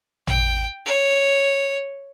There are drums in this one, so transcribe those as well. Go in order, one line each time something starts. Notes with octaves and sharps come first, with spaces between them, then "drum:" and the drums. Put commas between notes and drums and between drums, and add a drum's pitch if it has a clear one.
G5, drum: tom
C#5